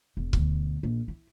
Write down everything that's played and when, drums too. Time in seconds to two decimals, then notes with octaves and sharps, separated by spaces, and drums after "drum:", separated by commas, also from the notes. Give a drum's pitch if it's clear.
0.17 E1
0.33 D2 B2, drum: kick
0.83 A#1
1.08 E4